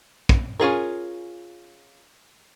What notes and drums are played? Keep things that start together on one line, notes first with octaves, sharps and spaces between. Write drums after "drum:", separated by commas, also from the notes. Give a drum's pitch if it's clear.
drum: kick
C#4 F4 G#4 A#4